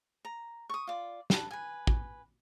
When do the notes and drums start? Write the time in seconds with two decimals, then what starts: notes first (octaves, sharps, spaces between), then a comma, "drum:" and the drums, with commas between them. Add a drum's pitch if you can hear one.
0.25 A#5
0.70 C#6 D#6
0.87 F4 D5
1.30 B4 A5, drum: snare
1.51 B4 G#5
1.87 drum: kick